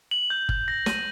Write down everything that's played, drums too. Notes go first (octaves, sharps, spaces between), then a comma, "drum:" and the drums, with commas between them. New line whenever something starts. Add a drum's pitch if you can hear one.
F#7
G6
G6, drum: kick G1
A#6
D#7, drum: snare